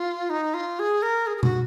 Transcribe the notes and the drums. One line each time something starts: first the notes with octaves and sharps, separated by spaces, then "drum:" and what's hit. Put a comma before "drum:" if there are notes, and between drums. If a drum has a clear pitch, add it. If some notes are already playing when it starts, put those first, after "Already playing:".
Already playing: F4
D#4
F4
G#4
A#4
G#4
G#4
F#4, drum: tom B2